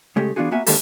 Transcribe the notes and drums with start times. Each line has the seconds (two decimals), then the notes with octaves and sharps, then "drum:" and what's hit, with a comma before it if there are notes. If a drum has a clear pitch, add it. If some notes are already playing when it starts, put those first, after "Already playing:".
0.16 C#3 G#3 A3 G4
0.36 E3 B3 D4 F4 F#4 G#4
0.51 A#3 B3 F#4 E5 G#5
0.67 D3 D#3 G#3 A#3 G4 A4, drum: open hi-hat